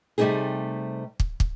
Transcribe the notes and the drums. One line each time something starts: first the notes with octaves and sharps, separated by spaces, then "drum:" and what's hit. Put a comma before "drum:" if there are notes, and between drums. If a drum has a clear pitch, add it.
C3 G3 A3 C4 D#4 G#4
drum: kick
drum: kick